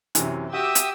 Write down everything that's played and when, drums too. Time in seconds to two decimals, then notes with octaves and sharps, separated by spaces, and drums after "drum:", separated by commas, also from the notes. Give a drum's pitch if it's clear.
0.15 F#2 C3 E3, drum: hi-hat
0.53 F#4 G4 E5 D#6 E6
0.75 drum: hi-hat